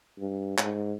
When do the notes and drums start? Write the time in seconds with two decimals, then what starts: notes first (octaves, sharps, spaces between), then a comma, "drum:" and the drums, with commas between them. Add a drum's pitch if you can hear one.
0.19 G2
0.58 G#2, drum: clap